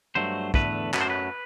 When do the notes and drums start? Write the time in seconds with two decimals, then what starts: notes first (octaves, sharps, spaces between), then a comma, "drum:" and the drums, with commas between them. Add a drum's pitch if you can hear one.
0.15 G2 F#3 A3 C5
0.54 E2 D3 A3 B4, drum: kick
0.94 F#2 F#3 A3 B4, drum: clap
1.01 C5
1.10 B4